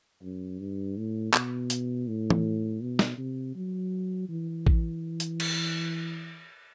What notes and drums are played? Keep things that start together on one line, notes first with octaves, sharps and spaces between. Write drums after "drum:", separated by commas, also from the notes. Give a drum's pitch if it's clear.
F#2
G2
A2
B2, drum: clap
drum: hi-hat
A2
drum: tom E3
B2
drum: snare
C3
F#3
E3
drum: kick A1
drum: hi-hat
drum: cymbal